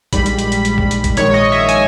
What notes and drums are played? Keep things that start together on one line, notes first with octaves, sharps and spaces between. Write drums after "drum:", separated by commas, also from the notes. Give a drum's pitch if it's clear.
A#1 G#2 G3 B5, drum: kick A1, hi-hat
drum: hi-hat
B5, drum: hi-hat
drum: hi-hat
drum: hi-hat
drum: kick A1
drum: hi-hat
drum: kick A1, hi-hat
A#1 G#2 D#3 C#5, drum: hi-hat
D#5
E5
G#5, drum: hi-hat